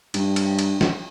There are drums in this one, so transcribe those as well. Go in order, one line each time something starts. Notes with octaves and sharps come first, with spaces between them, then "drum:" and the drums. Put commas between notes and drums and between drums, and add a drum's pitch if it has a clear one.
G2, drum: cymbal
drum: cymbal
drum: cymbal
drum: snare